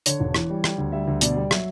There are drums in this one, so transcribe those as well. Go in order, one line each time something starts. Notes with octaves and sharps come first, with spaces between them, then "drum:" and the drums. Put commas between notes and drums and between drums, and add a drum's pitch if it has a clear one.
D3 C#5, drum: hi-hat
E1
E3, drum: rim click
G3
G3, drum: rim click
D2
G3 E5
D2
B2 D5, drum: hi-hat
G3
F#3 E5, drum: rim click